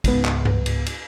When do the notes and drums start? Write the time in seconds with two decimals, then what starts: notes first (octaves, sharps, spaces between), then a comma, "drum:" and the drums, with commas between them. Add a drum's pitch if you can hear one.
0.04 C#2 G#2 B3, drum: kick, cymbal
0.25 drum: clap
0.45 drum: tom G2
0.66 drum: cymbal
0.86 drum: cymbal